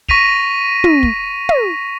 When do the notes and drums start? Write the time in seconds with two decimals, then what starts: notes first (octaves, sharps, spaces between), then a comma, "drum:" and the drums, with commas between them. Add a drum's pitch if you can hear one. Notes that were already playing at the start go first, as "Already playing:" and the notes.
0.09 C#6 A#6 B6 D#7 F7, drum: kick
0.84 drum: tom
1.03 drum: kick
1.49 drum: tom